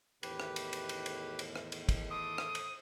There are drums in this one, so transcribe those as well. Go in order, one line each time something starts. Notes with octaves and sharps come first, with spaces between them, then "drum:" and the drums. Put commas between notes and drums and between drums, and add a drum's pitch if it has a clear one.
E2 A2 D#3 G4 B4, drum: cymbal
drum: rim click
drum: cymbal
drum: cymbal
drum: cymbal
drum: cymbal
drum: cymbal
drum: rim click
drum: cymbal
drum: kick, cymbal
A4 C6 D6 D#6
drum: rim click
drum: cymbal